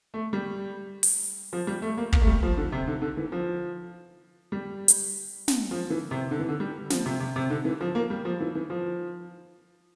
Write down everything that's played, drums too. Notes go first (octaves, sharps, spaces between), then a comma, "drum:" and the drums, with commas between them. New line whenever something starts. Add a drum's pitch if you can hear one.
A3
G3
drum: open hi-hat
F3
G3
A3
A#3
A#3, drum: kick
A3
G3
F3
D3
C3
D3
D3
E3
F3
G3
drum: hi-hat
drum: snare
F3
E3
C3
D3
E3
D3
G3
F3, drum: snare
C3
C3
C3
D3
E3
F3
A#3
G3
F3
E3
E3
F3